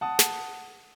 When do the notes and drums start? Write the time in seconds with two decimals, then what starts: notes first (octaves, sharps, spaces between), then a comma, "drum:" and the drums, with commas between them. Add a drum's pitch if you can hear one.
0.01 F#5 A5 D#6
0.19 drum: snare